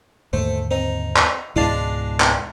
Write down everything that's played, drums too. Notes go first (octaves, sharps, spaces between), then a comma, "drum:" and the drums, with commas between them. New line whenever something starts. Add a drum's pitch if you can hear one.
D#2 G#2 D3 A3 C5
C4 D#4
drum: clap
C#2 G#2 B2 E3 G#3 D4 F5 A5
drum: clap